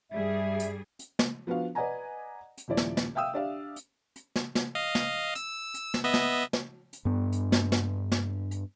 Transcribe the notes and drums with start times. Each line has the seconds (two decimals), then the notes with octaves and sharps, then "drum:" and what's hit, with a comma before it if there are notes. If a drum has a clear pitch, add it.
0.11 G2 G3 G#4 E5
0.60 drum: hi-hat
0.99 drum: hi-hat
1.19 drum: snare
1.47 F3 B3 D4 F#4 F5
1.75 B4 D5 D#5 F#5 G#5 A#5
2.57 drum: hi-hat
2.68 D#1 F3 E4 D5
2.77 drum: snare
2.97 drum: snare
3.15 E5 F5 G5 D#6 E6
3.33 D4 G4 D5 E5 F5
3.76 drum: hi-hat
4.16 drum: hi-hat
4.36 drum: snare
4.55 drum: snare
4.75 D#5 F5
4.95 drum: snare
5.35 E6, drum: hi-hat
5.74 drum: hi-hat
5.94 drum: snare
6.04 B3 D#5 E5
6.14 drum: snare
6.53 drum: snare
6.93 drum: hi-hat
7.05 G2 B3
7.32 drum: hi-hat
7.52 drum: snare
7.72 drum: snare
8.12 drum: snare
8.51 drum: hi-hat